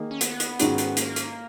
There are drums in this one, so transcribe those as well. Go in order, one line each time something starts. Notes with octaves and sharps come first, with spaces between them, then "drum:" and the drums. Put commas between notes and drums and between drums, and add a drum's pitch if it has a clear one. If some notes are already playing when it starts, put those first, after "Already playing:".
Already playing: D#3 A#3 D#4 G#4
C#4
B3, drum: hi-hat
drum: hi-hat
G#2 D#3 G#3 C#4 F#4, drum: hi-hat
drum: hi-hat
A#3, drum: hi-hat
drum: hi-hat